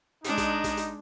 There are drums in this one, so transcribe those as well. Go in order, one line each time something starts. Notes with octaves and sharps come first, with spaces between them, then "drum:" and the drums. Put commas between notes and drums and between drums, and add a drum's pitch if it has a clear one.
G#3 D4 D#4, drum: hi-hat
drum: kick, hi-hat
drum: kick, hi-hat
drum: hi-hat